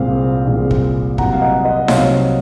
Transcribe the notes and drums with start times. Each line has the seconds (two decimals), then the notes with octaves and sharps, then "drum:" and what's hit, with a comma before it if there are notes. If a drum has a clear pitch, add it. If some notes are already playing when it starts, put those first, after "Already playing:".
Already playing: C2 A#2 G#3 C4 F5
0.47 C2 A#2 G#3 C4
0.71 drum: kick
1.18 C2 C3 F#3 C4 F#5 A#5, drum: kick
1.33 F5
1.42 D#5 F#5
1.65 D#5 F#5
1.88 C2 C3 F#3 C4 C#5 F5, drum: snare D#4